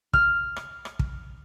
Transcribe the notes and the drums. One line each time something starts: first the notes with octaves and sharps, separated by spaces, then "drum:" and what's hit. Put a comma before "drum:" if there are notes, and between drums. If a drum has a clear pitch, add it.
F6, drum: kick
drum: rim click
drum: rim click
drum: kick